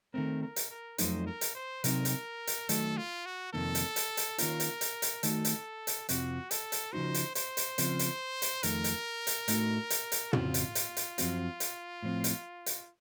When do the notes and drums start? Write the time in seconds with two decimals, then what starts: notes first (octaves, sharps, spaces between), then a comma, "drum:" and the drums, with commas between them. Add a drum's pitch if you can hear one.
0.14 D#3 A3 C4 A#4
0.42 A#4
0.56 drum: hi-hat
0.71 A#4
0.98 F2 C3 F#3 A3 D#4 C5, drum: hi-hat
1.26 A#4
1.41 drum: hi-hat
1.55 C5
1.84 C3 F#3 C4 D#4 A#4, drum: hi-hat
2.05 drum: hi-hat
2.47 drum: hi-hat
2.69 D#3 F#3 A3 A4, drum: hi-hat
2.97 F4
3.26 F#4
3.53 F2 C3 D#3 A#3 A4
3.75 drum: hi-hat
3.96 drum: hi-hat
4.17 drum: hi-hat
4.38 D#3 A#3 C#4 F4 A#4, drum: hi-hat
4.60 drum: hi-hat
4.81 drum: hi-hat
5.02 drum: hi-hat
5.23 D#3 A3 D#4 F#4 A4, drum: hi-hat
5.45 drum: hi-hat
5.87 drum: hi-hat
6.09 F2 C3 F3 F#4, drum: hi-hat
6.51 A4, drum: hi-hat
6.72 drum: hi-hat
6.93 C#3 F3 A3 D#4 F#4 C5
7.14 drum: hi-hat
7.35 C5, drum: hi-hat
7.57 drum: hi-hat
7.78 C#3 F3 C4, drum: hi-hat
7.99 drum: hi-hat
8.42 drum: hi-hat
8.63 F2 D#3 A3 A#4, drum: hi-hat
8.84 drum: hi-hat
9.27 drum: hi-hat
9.48 A2 A3 D#4 F#4, drum: hi-hat
9.90 drum: hi-hat
10.12 drum: hi-hat
10.33 F2 C#3 F3 C4 F4 F#4, drum: tom
10.54 drum: hi-hat
10.75 drum: hi-hat
10.97 drum: hi-hat
11.18 F#2 F3 C4 F#4, drum: hi-hat
11.60 drum: hi-hat
12.03 A2 F3 C4
12.24 drum: hi-hat
12.66 drum: hi-hat